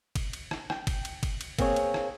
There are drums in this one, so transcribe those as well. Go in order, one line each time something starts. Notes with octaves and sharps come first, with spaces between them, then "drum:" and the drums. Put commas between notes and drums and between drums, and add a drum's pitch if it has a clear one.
drum: kick, cymbal
drum: cymbal
drum: rim click
G5, drum: rim click
drum: kick, cymbal
drum: cymbal
drum: kick, cymbal
drum: cymbal
A#3 C4 G#4 C#5, drum: kick, cymbal
drum: cymbal
drum: rim click